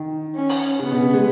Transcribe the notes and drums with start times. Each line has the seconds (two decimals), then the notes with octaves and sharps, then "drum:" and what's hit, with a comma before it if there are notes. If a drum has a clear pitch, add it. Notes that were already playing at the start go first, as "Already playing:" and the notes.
Already playing: D#3
0.35 C#4
0.49 drum: open hi-hat
0.79 C#3 B3
0.92 B2
1.02 C#3
1.13 G#3